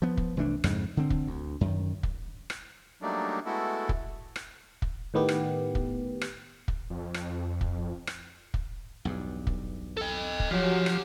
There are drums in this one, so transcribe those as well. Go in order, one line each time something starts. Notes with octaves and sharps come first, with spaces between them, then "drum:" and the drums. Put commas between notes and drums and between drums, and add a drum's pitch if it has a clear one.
F3 B3
drum: kick
C2 E3 A3 D4
F2 G#2 C#3, drum: rim click
D3 C4
drum: kick
D2
F#2 D#3
drum: kick
drum: rim click
F#3 G3 A3 A#3 D4 D#4
G#3 A3 B3 E4 F#4 A4
drum: kick
drum: rim click
drum: kick
A2 D#3 B3 G4
drum: rim click
drum: kick
drum: rim click
drum: kick
F2
drum: rim click
drum: kick
drum: rim click
drum: kick
B1 E2 G2
drum: kick
A4 D#5
drum: kick
F3 F#3 G4 F#5
drum: rim click